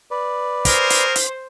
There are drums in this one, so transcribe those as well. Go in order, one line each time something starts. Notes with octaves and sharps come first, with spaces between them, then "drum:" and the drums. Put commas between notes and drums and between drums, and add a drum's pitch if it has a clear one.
B4 D5
F#4 G#4 A#4 C5, drum: kick, hi-hat
drum: hi-hat
drum: hi-hat